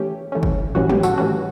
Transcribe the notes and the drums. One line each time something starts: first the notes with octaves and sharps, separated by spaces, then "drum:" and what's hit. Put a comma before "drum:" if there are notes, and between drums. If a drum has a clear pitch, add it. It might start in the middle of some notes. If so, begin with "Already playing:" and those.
Already playing: E3 A3 C#4 G4
E3 A3 C#4
drum: kick
A2 E3 G3 C#4 F#4
G4, drum: tom
F#4 A4, drum: tambourine
A2 E3 G3 C#4 F#4